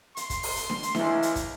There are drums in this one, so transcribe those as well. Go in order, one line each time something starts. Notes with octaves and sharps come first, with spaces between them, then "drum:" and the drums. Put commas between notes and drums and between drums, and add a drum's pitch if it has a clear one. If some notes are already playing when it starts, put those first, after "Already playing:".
C6, drum: hi-hat
drum: kick, hi-hat
drum: open hi-hat
drum: hi-hat
drum: snare D4
drum: hi-hat
C#2 C#3 E3 E4, drum: snare D4
drum: hi-hat
drum: kick, hi-hat